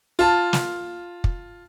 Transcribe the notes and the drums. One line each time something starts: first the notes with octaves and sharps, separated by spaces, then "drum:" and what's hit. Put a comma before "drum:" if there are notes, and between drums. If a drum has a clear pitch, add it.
F4 A5
drum: snare
drum: kick